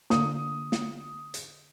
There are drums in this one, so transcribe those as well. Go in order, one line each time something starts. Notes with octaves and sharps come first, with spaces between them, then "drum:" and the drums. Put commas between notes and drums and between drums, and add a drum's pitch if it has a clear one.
D3 A#3 D#6, drum: snare
drum: snare
drum: hi-hat